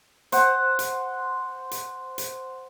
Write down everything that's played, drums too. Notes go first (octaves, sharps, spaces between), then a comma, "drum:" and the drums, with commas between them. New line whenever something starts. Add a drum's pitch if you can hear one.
C5 F#5, drum: hi-hat
drum: hi-hat
drum: hi-hat
drum: hi-hat